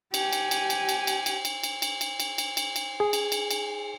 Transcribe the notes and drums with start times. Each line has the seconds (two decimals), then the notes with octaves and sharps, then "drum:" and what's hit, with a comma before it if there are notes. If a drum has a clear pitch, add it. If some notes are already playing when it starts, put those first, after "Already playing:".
0.14 G4 G#5, drum: cymbal
0.33 drum: cymbal
0.51 drum: cymbal
0.70 drum: cymbal
0.89 drum: cymbal
1.07 drum: cymbal
1.26 drum: cymbal
1.45 drum: cymbal
1.63 drum: cymbal
1.82 drum: cymbal
2.01 drum: cymbal
2.20 drum: cymbal
2.38 drum: cymbal
2.57 drum: cymbal
2.76 drum: cymbal
3.00 G#4 G#5
3.13 drum: cymbal
3.32 drum: cymbal
3.51 drum: cymbal